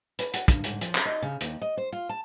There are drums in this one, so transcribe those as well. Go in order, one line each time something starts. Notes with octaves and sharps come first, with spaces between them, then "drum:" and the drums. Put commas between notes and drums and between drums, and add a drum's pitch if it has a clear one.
B4, drum: hi-hat
F#4, drum: hi-hat
G2, drum: kick, hi-hat
G#2, drum: hi-hat
F3, drum: hi-hat
drum: clap
D#4
C#3
D#2, drum: hi-hat
D#5
C5
F4
A5